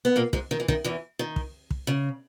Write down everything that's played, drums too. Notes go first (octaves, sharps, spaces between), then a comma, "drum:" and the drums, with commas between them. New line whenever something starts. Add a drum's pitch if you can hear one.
B3
A#2 A#3
G#2 G#3, drum: kick
D#3
E3
D#3, drum: kick
E2 E3
D#3
drum: kick
drum: kick
C#3